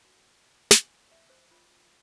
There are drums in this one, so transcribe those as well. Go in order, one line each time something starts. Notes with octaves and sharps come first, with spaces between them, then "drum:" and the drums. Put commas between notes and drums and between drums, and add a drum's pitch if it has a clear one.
F#4
G#5, drum: snare
E5
C5
F4